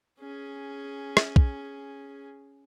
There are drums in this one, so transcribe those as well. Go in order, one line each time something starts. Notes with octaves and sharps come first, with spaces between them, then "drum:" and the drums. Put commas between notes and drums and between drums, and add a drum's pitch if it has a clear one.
C#4 G#4
drum: rim click
drum: kick